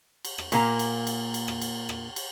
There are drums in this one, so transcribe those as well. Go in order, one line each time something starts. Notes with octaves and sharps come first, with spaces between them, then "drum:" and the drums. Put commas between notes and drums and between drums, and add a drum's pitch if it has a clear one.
drum: cymbal
drum: rim click
A#2 A#3 A#5, drum: cymbal
drum: cymbal
drum: cymbal
drum: cymbal
drum: rim click
drum: cymbal
drum: rim click
drum: cymbal